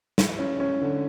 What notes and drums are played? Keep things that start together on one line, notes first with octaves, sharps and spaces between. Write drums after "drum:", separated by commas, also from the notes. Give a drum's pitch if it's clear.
E4, drum: snare
C#4
C#4
D3